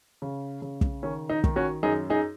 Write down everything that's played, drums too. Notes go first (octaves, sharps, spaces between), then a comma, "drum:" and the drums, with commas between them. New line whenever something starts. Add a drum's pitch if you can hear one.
C#3
C#3
drum: kick
D#3 C#4
D#4
D#3, drum: kick
C#4 F#4
F#2 D#4 G#4
D#4 G#4